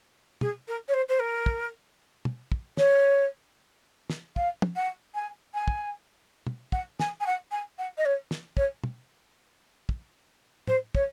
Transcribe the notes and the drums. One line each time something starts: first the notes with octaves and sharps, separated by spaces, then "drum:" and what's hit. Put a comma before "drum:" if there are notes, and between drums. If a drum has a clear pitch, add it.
G#4, drum: tom
A#4
C#5
C5
C5
A#4
drum: kick
drum: tom
drum: kick
C#5, drum: snare
drum: snare
F5, drum: kick
drum: tom
F#5
G#5
G#5
drum: kick
drum: tom
F#5, drum: kick
G#5, drum: snare
G#5
F#5
G#5
F#5
D#5
C#5
drum: snare
C#5, drum: kick
drum: tom
drum: kick
C5, drum: tom
C#5, drum: kick